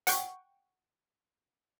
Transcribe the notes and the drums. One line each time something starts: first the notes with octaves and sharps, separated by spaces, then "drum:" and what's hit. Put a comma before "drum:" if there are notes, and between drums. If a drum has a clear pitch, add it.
F#5 G5 C#6, drum: hi-hat